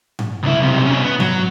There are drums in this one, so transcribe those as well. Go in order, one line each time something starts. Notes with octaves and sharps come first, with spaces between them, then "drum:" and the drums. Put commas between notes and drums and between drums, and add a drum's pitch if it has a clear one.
drum: tom G#2
C#2 E4
B1 C3
B2 C#4
B3
F#3, drum: tom G#2